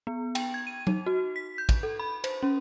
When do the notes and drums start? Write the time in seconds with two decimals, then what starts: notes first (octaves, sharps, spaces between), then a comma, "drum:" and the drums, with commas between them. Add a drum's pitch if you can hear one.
0.07 B3
0.35 G5, drum: cymbal
0.54 G#6
0.67 D#7
0.87 D#4, drum: tom F#3
1.06 F#4
1.36 B6
1.58 G6
1.69 drum: kick, cymbal
1.83 A4
1.99 B5
2.24 C5, drum: cymbal
2.43 C#4